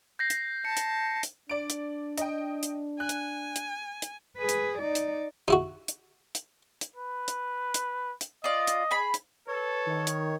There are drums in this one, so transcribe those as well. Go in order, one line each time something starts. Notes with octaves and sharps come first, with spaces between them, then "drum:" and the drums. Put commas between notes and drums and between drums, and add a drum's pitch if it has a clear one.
G6 A#6 C7
drum: hi-hat
A5 C#7
drum: hi-hat
drum: hi-hat
D4 D5 D7
drum: hi-hat
D#5 G5, drum: hi-hat
drum: hi-hat
G#5 F#6
drum: hi-hat
drum: hi-hat
drum: hi-hat
G#4 B4
drum: hi-hat
D#4 D5
drum: hi-hat
D#4 E4 F#4
drum: hi-hat
drum: hi-hat
drum: hi-hat
B4
drum: hi-hat
drum: hi-hat
drum: hi-hat
F4 D5 D#5
drum: hi-hat
G#4 B5
drum: hi-hat
A4 B4 C#5
D#3
drum: hi-hat